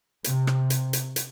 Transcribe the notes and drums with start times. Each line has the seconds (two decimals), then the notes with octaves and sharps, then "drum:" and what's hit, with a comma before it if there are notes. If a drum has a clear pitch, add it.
0.24 C3, drum: hi-hat
0.47 drum: rim click
0.70 drum: hi-hat
0.93 drum: hi-hat
1.16 drum: hi-hat